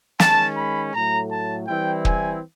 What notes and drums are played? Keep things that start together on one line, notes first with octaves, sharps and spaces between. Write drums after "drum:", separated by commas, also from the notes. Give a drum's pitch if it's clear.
D#3 G#3 C#4 A5, drum: snare
B5
A2 F#3 A3 A#5
A5
E3 G3 C4 E4 G5
G#5, drum: kick